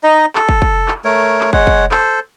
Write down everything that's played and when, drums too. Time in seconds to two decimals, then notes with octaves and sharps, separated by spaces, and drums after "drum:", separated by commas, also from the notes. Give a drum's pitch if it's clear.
0.04 D#4 D#5
0.35 A4, drum: clap
0.49 drum: kick
0.62 drum: kick
0.88 drum: clap
1.05 A3 A#4 C#5
1.41 drum: clap
1.53 G#3 C#5 F#5, drum: kick
1.67 drum: kick
1.91 A4 C5, drum: clap